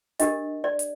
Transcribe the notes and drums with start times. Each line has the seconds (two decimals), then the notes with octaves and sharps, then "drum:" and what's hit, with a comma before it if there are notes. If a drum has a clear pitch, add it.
0.20 D4 G4 A#4 D#5, drum: hi-hat
0.64 D5
0.79 drum: hi-hat